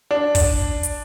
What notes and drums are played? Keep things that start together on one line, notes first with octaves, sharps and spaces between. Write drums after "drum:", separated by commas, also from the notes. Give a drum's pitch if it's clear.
D4
drum: kick, open hi-hat
drum: hi-hat